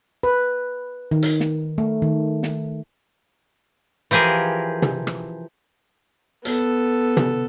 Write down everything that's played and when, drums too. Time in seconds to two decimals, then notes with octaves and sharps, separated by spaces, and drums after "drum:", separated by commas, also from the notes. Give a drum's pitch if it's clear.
0.23 B4
1.11 D#3
1.23 drum: hi-hat
1.40 drum: snare
1.78 A3
2.02 D#3
2.43 drum: snare
4.11 E3 F3 G4 G#4 A#4
4.82 drum: tom
5.07 drum: rim click
6.45 B3 A4, drum: hi-hat
7.17 drum: tom